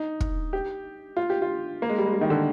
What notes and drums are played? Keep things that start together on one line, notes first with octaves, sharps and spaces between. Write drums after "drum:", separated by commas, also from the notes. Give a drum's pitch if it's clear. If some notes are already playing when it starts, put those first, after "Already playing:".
Already playing: D#4
drum: kick
G4
F4
G4
F4
A#3
G#3
G3
G#3
G3
D#3
D3